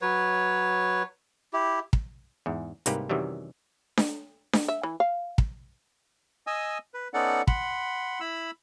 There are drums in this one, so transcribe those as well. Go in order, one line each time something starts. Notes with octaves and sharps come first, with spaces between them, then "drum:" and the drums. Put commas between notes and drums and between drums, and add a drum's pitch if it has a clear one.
F#3 B4 C#5
E4 G4
drum: kick
E2 G#2
C2 G#2 A#3 D#4 G4 B4, drum: hi-hat
F#2 C3 D#3 E3 F#3 G3
drum: snare D4
drum: snare D4
E5
E3
F5
drum: kick
D#5 G#5 D#6 E6
B4
B3 C#4 D#4 A4 D5 F#5
F#5 B5 C6, drum: kick
E4 B5 E6